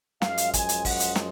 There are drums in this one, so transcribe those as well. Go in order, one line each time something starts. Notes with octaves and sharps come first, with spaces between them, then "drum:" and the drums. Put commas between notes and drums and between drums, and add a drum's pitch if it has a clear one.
F#2 F3 G#3 F5, drum: snare
drum: hi-hat
G#5, drum: kick, hi-hat
drum: hi-hat
F#5, drum: kick, open hi-hat
drum: hi-hat
drum: snare